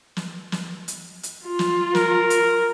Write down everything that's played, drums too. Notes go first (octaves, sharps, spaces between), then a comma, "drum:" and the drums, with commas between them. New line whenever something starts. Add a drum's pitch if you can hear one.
drum: snare
drum: snare
drum: hi-hat
drum: hi-hat
F4
drum: snare
A#4, drum: snare
drum: hi-hat